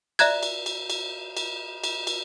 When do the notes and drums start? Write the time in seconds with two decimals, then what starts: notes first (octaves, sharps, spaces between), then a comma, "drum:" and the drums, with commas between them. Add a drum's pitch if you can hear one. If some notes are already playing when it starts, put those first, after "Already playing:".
0.19 D5 E5 A#5 F#6 G#6, drum: cymbal
0.43 drum: cymbal
0.66 drum: cymbal
0.90 drum: cymbal
1.37 drum: cymbal
1.84 drum: cymbal
2.07 drum: cymbal